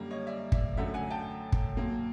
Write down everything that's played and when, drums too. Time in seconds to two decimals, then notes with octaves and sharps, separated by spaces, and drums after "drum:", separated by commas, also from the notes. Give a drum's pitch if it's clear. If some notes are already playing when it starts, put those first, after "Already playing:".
Already playing: F#2 D3 G3 A#3
0.11 C#5 D#5
0.27 D5 E5
0.52 D5 E5, drum: kick
0.77 F#2 D3 F#3 A3 E5 F#5
0.94 F#5 G#5
1.10 G5 A5
1.52 drum: kick
1.77 A#2 F#3 A#3